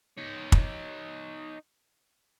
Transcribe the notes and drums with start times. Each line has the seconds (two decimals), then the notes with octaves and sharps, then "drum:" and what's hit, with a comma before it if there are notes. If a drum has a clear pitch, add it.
0.17 D#4 C#5
0.52 drum: kick